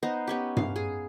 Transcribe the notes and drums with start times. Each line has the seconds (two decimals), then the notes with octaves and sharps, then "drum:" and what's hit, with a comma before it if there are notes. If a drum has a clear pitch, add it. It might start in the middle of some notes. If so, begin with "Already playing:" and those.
0.03 B3 D#4 C5 A#5
0.27 B3 C#4 G4
0.57 F5, drum: tom G2
0.76 G#4